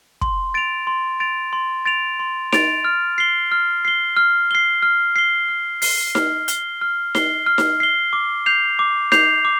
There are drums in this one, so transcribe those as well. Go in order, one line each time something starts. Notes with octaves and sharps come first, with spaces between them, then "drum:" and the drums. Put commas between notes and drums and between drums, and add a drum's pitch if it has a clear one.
C6, drum: kick
A6 D7 F7
C6
A6 D7 F7
C6
A6 D7 F7
C6
A6 D7 F7, drum: snare D#4
F6
C7 G7
F6
C7 G7
F6
C7 G7
F6
C7 G7
F6
C7 G7, drum: open hi-hat
F6, drum: snare D#4
C7 G7, drum: hi-hat
F6
C7 G7, drum: snare D#4
F6
drum: snare D#4
C7 G7
D6
G6 C7 F7
D6
G6 C7 F7, drum: snare D#4
D6